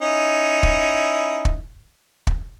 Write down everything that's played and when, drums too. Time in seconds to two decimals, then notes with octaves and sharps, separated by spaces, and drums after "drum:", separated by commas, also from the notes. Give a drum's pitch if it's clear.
0.02 C#4 D#4 E4
0.63 drum: kick
1.45 drum: kick
2.27 drum: kick